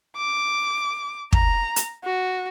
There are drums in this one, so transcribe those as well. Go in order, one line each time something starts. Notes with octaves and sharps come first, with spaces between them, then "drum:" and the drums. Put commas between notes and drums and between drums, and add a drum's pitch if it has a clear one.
D6
A#5, drum: kick
drum: hi-hat
F#4